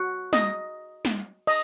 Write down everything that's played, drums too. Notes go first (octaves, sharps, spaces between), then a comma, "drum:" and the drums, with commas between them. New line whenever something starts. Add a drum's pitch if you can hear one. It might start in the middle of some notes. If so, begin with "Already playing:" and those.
Already playing: F#4
D#5, drum: snare
drum: snare
D#5, drum: cymbal